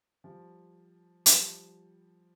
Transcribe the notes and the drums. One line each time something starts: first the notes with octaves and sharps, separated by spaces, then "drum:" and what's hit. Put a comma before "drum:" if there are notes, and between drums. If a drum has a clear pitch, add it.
F3 G3
F3 G3, drum: hi-hat